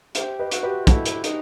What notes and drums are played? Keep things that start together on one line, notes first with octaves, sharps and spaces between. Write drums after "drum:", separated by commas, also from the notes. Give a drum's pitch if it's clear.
G4 C5 E5, drum: hi-hat
B4 D#5
F#4, drum: hi-hat
G4 B4
E4 F#4 A4, drum: kick, hi-hat
drum: hi-hat
D#4, drum: hi-hat